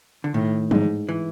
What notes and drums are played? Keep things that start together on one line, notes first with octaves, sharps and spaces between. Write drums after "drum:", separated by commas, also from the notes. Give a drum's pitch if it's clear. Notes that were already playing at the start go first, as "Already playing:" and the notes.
D3
A2 D#3
G#2, drum: tom
E3